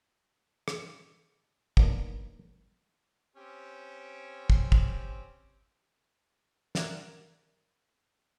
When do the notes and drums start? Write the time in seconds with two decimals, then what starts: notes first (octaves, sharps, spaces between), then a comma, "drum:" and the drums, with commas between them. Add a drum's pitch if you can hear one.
0.68 drum: rim click
1.77 F#3 A#3 B3 D4 D#4, drum: kick
3.36 C4 C#4 G4
4.50 drum: kick
4.72 drum: kick
6.75 A#4 D5 E5 F#5 G#5, drum: snare